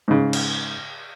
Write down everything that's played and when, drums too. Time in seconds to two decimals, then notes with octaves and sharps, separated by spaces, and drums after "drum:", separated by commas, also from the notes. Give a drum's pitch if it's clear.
0.08 G#2 C#3
0.33 drum: cymbal